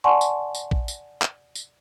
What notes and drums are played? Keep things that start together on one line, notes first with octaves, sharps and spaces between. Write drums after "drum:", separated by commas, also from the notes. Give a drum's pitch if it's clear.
D5 F#5 G#5 A5 C6 C#6
drum: tambourine
drum: tambourine
drum: kick
drum: tambourine
drum: clap
drum: tambourine